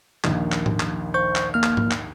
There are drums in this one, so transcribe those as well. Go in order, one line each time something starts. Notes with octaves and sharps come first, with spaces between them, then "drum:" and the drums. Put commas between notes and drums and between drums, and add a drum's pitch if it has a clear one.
A#1 D#2, drum: clap
drum: clap
drum: tom G#2
drum: clap
C5 C#6 G6
drum: clap
A#3 F6
drum: clap
drum: tom G#2
drum: clap